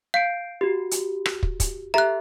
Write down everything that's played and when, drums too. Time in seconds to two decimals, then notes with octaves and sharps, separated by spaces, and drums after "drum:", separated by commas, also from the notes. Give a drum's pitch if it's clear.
0.14 F5 G6 C7 D7
0.61 F#4 G4
0.91 drum: hi-hat
1.26 drum: rim click
1.43 drum: kick
1.60 drum: kick, hi-hat
1.94 G4 A4 E5 A#5 F#6